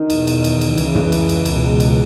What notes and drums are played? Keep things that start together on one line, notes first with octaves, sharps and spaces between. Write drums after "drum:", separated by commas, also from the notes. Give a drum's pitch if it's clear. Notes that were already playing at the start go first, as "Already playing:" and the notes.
Already playing: D#3
E2 B2, drum: cymbal
drum: cymbal
drum: cymbal
drum: cymbal
C#2 C#3 E3, drum: cymbal
drum: tom
drum: cymbal
drum: cymbal
C#2, drum: cymbal
B2
drum: cymbal